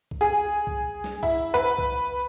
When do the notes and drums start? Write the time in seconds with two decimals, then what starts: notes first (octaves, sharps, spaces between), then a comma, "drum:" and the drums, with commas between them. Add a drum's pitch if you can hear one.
0.11 drum: kick C2
0.21 G#4
0.67 drum: kick C2
1.04 drum: snare
1.23 E4, drum: kick C2
1.54 B4
1.78 drum: kick C2